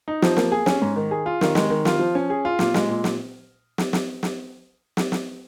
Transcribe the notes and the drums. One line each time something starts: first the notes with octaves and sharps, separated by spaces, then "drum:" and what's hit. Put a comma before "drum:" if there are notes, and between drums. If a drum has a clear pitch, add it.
D#4
F3, drum: snare
A#3, drum: snare
G#4
C#4, drum: snare
G#2
D#3
G#4
F4
D#3, drum: snare
G#3, drum: snare
D#3
F4, drum: snare
F3
C#4
G#4
F4
A#2, drum: snare
G#3, drum: snare
A#2
drum: snare
drum: snare
drum: snare
drum: snare
drum: snare
drum: snare